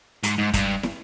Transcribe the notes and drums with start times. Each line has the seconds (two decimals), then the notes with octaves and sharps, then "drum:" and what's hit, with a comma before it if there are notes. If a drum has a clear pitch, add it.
0.23 G#2, drum: hi-hat
0.38 G#2
0.53 G2, drum: kick, hi-hat
0.83 drum: snare